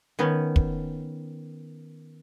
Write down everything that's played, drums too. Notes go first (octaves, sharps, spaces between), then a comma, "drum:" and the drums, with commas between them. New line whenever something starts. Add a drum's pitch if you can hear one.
D#3 B3 C#4
drum: kick